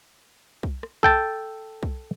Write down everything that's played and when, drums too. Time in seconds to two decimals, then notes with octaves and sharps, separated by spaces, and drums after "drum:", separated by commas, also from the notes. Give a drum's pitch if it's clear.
0.63 drum: kick
0.83 drum: rim click
1.03 A4 G5 A5, drum: kick
1.83 drum: kick